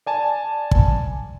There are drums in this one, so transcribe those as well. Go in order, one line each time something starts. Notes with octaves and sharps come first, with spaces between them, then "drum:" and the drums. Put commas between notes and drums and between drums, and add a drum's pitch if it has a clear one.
D5 G#5 A5
drum: kick